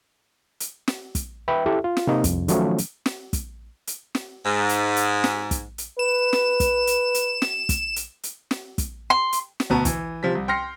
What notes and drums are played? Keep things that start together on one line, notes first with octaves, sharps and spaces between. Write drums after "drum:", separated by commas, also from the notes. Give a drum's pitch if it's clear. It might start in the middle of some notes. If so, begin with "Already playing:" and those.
drum: hi-hat
drum: snare
drum: kick, hi-hat
B4 E5 G5 B5
E4 G4 A4 E5
F4
drum: snare
C3 A#3 D#4
C2 F2, drum: kick, hi-hat
D#3 F3 F#3 A3 C#4, drum: hi-hat
drum: hi-hat
drum: snare
drum: kick, hi-hat
drum: hi-hat
drum: snare
G#2
drum: hi-hat
drum: hi-hat
drum: snare
drum: kick, hi-hat
drum: hi-hat
B4 E7
drum: snare
drum: kick, hi-hat
drum: hi-hat
drum: hi-hat
drum: snare
drum: kick, hi-hat
drum: hi-hat
drum: hi-hat
drum: snare
drum: kick, hi-hat
C6
drum: hi-hat
drum: snare
D2 B2 B3 A5 A#5
E3, drum: kick, hi-hat
C3 F3 G3 B6
C2
G5 C6 F6 A#6 C7 C#7